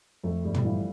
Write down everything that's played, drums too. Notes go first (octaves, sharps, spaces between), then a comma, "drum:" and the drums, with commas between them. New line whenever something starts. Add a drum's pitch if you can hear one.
F2 A3
G1 G3
drum: tom
E3 F3